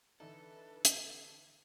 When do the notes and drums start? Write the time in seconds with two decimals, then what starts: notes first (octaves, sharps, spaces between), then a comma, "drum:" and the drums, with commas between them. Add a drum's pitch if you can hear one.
0.20 D3 E3 D4 D#4 A4 B4
0.85 drum: hi-hat